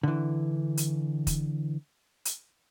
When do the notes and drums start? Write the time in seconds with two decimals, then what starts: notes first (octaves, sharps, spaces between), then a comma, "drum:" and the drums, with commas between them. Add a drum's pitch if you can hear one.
0.03 D3 E3
0.77 drum: hi-hat
1.27 drum: kick, hi-hat
2.25 drum: hi-hat